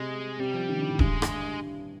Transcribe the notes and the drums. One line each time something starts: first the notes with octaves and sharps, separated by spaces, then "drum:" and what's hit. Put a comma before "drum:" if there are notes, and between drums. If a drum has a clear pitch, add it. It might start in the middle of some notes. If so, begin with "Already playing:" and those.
Already playing: C3 G#3
C3 G3
F3
D#3
D3
A2
G2 G#3, drum: kick D#1
drum: rim click